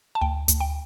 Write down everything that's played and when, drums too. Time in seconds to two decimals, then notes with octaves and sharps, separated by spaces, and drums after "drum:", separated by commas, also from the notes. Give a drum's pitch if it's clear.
0.15 A5
0.21 D2 G5
0.48 D2, drum: hi-hat
0.60 G5